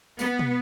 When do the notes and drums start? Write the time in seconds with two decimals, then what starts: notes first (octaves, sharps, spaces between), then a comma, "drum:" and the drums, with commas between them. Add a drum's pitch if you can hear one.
0.19 B3, drum: tambourine
0.39 drum: tom